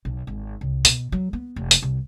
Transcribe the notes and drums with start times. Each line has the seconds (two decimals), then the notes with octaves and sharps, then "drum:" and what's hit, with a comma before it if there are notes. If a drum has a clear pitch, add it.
0.05 B1
0.27 G#1
0.61 C2
0.85 B2, drum: hi-hat
1.12 F#3
1.33 B3
1.56 F1
1.71 drum: hi-hat
1.82 C2